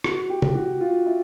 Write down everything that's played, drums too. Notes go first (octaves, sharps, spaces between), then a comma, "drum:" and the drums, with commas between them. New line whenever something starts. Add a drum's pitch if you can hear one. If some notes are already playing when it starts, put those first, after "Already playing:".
F#4, drum: rim click
G4
drum: tom C3
F#4
F4
E4